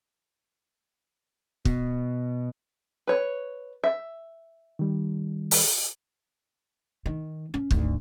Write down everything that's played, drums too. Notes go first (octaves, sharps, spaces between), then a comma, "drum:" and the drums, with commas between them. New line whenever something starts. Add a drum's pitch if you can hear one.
B2, drum: kick
B4 C#5
E5
D#3 G3
drum: open hi-hat
D#3
C#4
G#1 D2, drum: kick